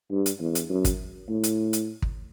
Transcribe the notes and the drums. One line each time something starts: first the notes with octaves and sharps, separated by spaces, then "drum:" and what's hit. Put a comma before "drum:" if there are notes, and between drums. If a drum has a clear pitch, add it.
G2
drum: hi-hat
E2
drum: hi-hat
F#2
drum: kick, hi-hat
A2
drum: hi-hat
drum: hi-hat
drum: kick